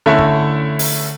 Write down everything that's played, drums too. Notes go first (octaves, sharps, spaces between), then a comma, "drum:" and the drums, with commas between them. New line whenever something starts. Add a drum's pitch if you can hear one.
D3 A3 C#4 E4
drum: kick
drum: open hi-hat